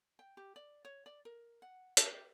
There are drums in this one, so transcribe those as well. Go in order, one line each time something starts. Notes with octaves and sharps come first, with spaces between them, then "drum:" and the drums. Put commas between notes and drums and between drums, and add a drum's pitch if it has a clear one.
G5
G4
D5
C#5
D5
A#4
F#5
A5, drum: hi-hat
G4